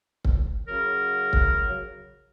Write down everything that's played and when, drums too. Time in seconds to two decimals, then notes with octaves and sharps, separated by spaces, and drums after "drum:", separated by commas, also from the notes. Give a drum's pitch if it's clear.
0.25 drum: kick C#1
0.68 C#3 F#3 A#4
1.33 drum: kick C#1